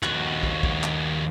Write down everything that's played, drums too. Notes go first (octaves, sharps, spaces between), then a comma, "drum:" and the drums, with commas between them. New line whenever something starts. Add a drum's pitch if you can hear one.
D#2 F#4, drum: clap
drum: kick
drum: kick
drum: clap